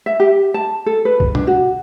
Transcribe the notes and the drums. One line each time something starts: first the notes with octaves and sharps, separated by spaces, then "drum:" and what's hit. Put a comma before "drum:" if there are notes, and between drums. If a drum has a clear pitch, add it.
E5
G4
A5
A4
B4
drum: kick
D4, drum: tom B2
F#4